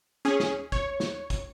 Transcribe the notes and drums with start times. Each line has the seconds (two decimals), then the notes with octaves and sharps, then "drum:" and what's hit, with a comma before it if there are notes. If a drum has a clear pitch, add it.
0.25 C#4 G#4
0.40 drum: snare
0.72 C#5, drum: kick
1.00 drum: snare
1.30 drum: kick, hi-hat